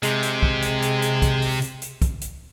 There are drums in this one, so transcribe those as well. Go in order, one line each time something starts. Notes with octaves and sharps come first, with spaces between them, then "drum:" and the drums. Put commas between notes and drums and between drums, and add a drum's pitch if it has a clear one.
C3 G#3, drum: hi-hat
drum: hi-hat
drum: kick
drum: hi-hat
drum: hi-hat
drum: hi-hat
drum: kick, hi-hat
drum: open hi-hat
drum: hi-hat
drum: hi-hat
drum: kick, hi-hat
drum: hi-hat